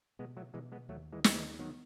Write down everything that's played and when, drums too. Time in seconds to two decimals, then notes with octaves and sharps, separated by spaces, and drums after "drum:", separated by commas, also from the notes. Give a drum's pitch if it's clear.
0.19 B2 G#3 B3
0.37 F#3 A3
0.54 B2 E3 G#3
0.72 G#3 B3
0.89 D#2 F#3 A3
1.12 E3 G#3
1.24 D#2, drum: snare
1.36 E3 G#3
1.59 D#3 F#3 B3